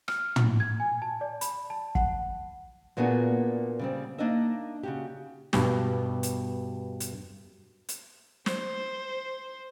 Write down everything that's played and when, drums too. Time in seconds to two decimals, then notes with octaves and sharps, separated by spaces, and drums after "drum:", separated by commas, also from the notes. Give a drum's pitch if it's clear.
0.08 F6, drum: rim click
0.36 drum: tom
0.60 G#6
0.80 G#5
1.02 A5
1.21 D5
1.41 B5, drum: hi-hat
1.70 A5
1.95 F#5, drum: kick
2.97 A#2 A#3 B3 D4 F#4 G#4
3.79 C#3 G3 C4
4.18 A#3 D4 D#4 D#5 E5
4.83 C#3 F#4 G4
5.53 G2 B2 G4, drum: snare
6.23 drum: hi-hat
7.00 drum: hi-hat
7.89 drum: hi-hat
8.46 C5, drum: snare